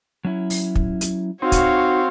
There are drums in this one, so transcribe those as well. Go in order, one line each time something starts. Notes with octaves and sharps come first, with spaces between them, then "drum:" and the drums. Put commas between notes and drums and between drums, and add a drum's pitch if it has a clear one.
F#3 C#4 E4
drum: open hi-hat
drum: kick
drum: hi-hat
C4 D#4 F#4 C#5 F5
drum: kick, hi-hat